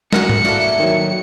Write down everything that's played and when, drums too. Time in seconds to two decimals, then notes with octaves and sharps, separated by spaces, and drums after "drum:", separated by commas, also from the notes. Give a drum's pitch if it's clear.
0.13 F#2 E3 F#4 A#4 F#5 C#7, drum: snare
0.29 drum: tom G#2
0.45 A#3 E4 F#4 A4 D5
0.80 D#3 F#3